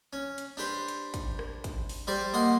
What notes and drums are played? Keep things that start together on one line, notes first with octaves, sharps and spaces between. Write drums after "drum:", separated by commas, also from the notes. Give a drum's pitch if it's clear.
C#4
drum: hi-hat
D4 G4 B4 C5
drum: hi-hat
drum: kick, hi-hat
drum: rim click
drum: kick, hi-hat
drum: open hi-hat
G3 G4 C5 D5
A#3 D#5 F#5 C6